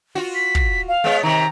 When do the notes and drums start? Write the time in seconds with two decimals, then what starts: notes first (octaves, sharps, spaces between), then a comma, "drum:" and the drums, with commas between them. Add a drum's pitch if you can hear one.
0.15 F4 F#4
0.34 B6
0.55 drum: kick
0.88 F5
1.04 G#3 B3 C#5
1.23 C3 D#3 A#5